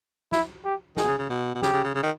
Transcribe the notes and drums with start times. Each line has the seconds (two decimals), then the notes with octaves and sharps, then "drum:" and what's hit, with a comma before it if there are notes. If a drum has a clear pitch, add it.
0.32 E4, drum: snare
0.65 G4
0.97 D#3 G#4, drum: snare
1.04 B2
1.08 C#3
1.19 C#3
1.30 B2
1.55 B2
1.62 C#3 G4, drum: snare
1.73 C#3
1.84 C#3
1.95 C#3
2.03 D#3